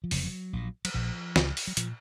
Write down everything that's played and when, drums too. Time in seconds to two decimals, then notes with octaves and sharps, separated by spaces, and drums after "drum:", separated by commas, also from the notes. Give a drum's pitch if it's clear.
0.04 F3
0.11 F1 F2 C#3 F#3, drum: open hi-hat
0.53 A#1 A#2
0.85 F#3, drum: cymbal
0.94 A#1 A#2 F3
1.36 C#2 C#3, drum: snare
1.57 drum: open hi-hat
1.67 F#3
1.77 A#2 F3, drum: hi-hat